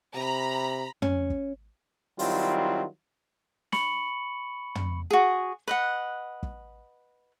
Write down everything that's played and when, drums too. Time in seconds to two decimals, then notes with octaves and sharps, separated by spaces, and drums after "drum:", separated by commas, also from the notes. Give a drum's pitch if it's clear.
0.15 C3 A#5 B5
1.02 C#4, drum: tom
1.30 drum: kick
2.19 D#3 F#3 G3 C4 E4 F4, drum: open hi-hat
3.72 B5 C#6 C#7 F#7, drum: snare
4.75 drum: tom
5.11 F#4 G#4
5.68 B4 D#5 F#5
6.43 drum: kick